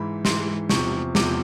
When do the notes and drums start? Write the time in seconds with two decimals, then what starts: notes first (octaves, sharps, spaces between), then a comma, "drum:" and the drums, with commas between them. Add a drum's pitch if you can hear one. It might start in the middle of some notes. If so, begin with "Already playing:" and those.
Already playing: G#2 E3 B5
0.25 G#2 E3 C6, drum: snare
0.69 E2 C3 F3 C#6, drum: snare
1.15 E2 C3 F3 D6, drum: snare